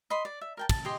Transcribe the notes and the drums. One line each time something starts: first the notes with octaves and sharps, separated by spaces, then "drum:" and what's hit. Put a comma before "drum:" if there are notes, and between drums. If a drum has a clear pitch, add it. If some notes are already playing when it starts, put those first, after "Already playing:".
D#5 B5 C6
D5
E5
A#4 G5 A5
A5, drum: kick, cymbal
G4 G#4 D#5 C6